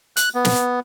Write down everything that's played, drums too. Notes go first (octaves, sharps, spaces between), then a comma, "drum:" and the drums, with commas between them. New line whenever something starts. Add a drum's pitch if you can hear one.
F#6, drum: hi-hat
B3
drum: snare